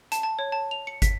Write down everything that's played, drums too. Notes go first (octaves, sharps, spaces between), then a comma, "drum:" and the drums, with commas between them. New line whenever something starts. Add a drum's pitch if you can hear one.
A5, drum: hi-hat
A5
C#5
A5
F7
C#7
B6, drum: kick, hi-hat